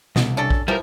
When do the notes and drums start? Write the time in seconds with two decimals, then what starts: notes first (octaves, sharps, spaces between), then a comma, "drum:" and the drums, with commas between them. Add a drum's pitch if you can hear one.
0.16 C2 B2, drum: snare
0.37 C#4 D4 A4
0.50 drum: kick A#1
0.68 E3 F3 G3 A3 A#4